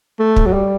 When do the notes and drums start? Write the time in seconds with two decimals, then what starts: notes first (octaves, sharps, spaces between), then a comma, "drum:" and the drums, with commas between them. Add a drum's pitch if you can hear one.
0.20 A3
0.36 drum: kick
0.46 F#3
0.53 G3